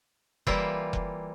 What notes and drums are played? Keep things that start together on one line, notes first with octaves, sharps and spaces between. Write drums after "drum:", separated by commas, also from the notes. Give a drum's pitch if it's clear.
E3 G3 A#3 F4 E5, drum: kick F1
drum: kick F1